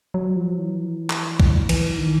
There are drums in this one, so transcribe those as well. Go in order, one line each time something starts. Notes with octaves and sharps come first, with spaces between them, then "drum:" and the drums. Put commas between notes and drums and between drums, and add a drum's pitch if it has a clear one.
F#3
F3
E3
drum: clap
drum: kick B1
E3, drum: cymbal
D#3